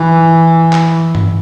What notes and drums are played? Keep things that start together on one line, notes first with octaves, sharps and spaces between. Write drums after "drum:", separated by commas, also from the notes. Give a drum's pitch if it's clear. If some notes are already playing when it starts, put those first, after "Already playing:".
Already playing: E3
drum: clap
drum: tom G2